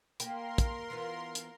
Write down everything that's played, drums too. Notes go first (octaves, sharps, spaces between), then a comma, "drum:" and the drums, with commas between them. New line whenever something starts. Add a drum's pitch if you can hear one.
A#3 G4 A#4 C6, drum: hi-hat
drum: kick, hi-hat
E3 B3 F4
drum: hi-hat